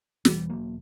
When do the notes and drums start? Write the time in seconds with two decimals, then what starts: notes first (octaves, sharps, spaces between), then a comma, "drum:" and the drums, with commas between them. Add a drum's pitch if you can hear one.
0.25 E1 E2 B2 E3 G3, drum: snare
0.50 F#3 A#3